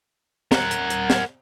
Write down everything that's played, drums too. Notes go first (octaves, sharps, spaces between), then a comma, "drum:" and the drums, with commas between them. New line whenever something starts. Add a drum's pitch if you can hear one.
A#4 F#5, drum: snare
drum: hi-hat
drum: hi-hat
drum: snare